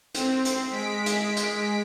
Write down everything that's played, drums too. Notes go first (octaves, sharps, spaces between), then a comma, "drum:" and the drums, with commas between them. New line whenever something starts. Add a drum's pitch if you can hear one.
C4, drum: hi-hat
drum: hi-hat
G#3 B6 D7
drum: hi-hat
drum: hi-hat